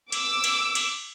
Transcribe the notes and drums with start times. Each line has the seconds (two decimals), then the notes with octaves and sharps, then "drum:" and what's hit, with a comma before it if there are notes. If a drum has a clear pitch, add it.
0.12 D6 E6, drum: cymbal
0.44 drum: cymbal
0.75 drum: cymbal